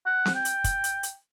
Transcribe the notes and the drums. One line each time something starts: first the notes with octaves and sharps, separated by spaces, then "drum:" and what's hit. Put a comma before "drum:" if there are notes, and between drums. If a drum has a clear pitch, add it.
F#5
drum: snare C4
G5
drum: hi-hat
drum: kick, hi-hat
drum: hi-hat
drum: hi-hat